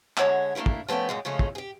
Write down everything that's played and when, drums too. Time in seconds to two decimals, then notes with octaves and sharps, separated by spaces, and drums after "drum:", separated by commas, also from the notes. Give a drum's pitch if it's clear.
0.17 D3 G#3 C#5 E5 F#5, drum: clap
0.55 A3 A#3 C#4 D4 E4
0.66 drum: kick
0.88 F3 A3 B3 C#4 G5
1.09 F#2 A#2 G#3
1.25 C#3 F3 G#3 A3 C#4
1.39 drum: kick
1.55 G4 G#4